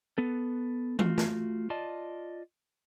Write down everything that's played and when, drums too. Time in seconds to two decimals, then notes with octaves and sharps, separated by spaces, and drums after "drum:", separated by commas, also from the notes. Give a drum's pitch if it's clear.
0.18 B3 A4
0.99 A3 F4 F#4, drum: tom E3
1.18 drum: snare
1.70 F4 D5 D#5 A5